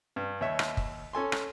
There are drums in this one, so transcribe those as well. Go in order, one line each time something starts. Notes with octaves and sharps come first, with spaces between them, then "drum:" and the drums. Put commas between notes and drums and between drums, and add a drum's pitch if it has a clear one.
G2
D#2 C#5 E5
drum: rim click
drum: kick
C#4 A4 G#5 C6
drum: rim click